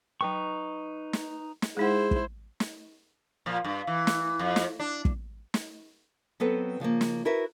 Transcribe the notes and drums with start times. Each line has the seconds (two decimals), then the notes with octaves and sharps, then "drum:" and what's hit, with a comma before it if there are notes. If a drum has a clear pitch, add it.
0.21 F#3 D#4 B4 G5 C#6
1.13 drum: snare
1.62 drum: snare
1.77 G#3 D#4 E4 G#4 C5 F#5
2.11 drum: kick
2.60 drum: snare
3.46 A#2 F3
3.64 G2
3.87 E3
4.07 drum: snare
4.39 F2
4.56 drum: snare
4.80 D4
5.05 drum: kick
5.54 drum: snare
6.40 F#3 B3 C4 A4 B4
6.80 C#3 F3 A3 A#3
7.01 drum: snare
7.25 E4 F#4 A#4 B4 E5